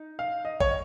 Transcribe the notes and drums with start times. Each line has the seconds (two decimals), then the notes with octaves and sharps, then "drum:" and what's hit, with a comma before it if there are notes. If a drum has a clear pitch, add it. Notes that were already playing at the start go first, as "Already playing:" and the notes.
Already playing: D#4
0.19 F5
0.45 D#5
0.60 C#5, drum: kick